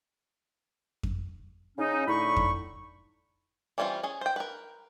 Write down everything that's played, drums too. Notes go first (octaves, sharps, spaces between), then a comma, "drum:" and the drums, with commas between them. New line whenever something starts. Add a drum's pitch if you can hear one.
drum: kick F2
C#3 C#4 D#4
A2 D3 D#4 E4 B5 C#6
drum: kick F2
E3 G3 C4 C#4 F4
C#4 G#4
C5 G5
A#4 B4